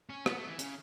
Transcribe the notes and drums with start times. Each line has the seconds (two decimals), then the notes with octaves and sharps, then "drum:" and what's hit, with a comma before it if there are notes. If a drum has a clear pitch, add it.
0.10 C#4
0.26 B3, drum: rim click
0.37 A3
0.47 E3
0.59 C#3, drum: hi-hat